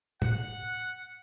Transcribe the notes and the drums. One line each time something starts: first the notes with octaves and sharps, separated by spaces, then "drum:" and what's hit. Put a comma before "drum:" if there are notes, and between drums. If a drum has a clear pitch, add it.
F#5, drum: tom